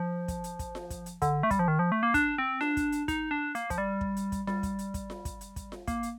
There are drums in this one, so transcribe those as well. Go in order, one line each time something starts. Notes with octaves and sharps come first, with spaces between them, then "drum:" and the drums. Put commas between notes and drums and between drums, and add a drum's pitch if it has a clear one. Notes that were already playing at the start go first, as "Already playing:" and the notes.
Already playing: F3
drum: kick, hi-hat
drum: hi-hat
drum: kick, hi-hat
drum: snare F4
drum: kick, hi-hat
drum: hi-hat
D3, drum: kick, hi-hat
A3
G3, drum: kick, hi-hat
F3
D#3
F3
A3
A#3
D4, drum: kick, hi-hat
C4
D4, drum: snare F4
drum: kick, hi-hat
drum: hi-hat
D#4, drum: kick, hi-hat
D4
A#3, drum: hi-hat
F3, drum: kick, hi-hat
G3
drum: kick
drum: hi-hat
drum: kick, hi-hat
G3, drum: snare F4
drum: kick, hi-hat
drum: hi-hat
drum: kick, hi-hat
drum: snare F4
drum: kick, hi-hat
drum: hi-hat
drum: kick, hi-hat
drum: snare F4
A#3, drum: kick, hi-hat
drum: hi-hat